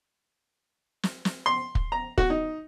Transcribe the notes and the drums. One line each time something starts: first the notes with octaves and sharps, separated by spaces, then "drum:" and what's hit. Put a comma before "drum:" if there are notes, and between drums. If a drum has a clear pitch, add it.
drum: snare
drum: snare
C6
drum: kick
A#5
F#4, drum: kick
D#4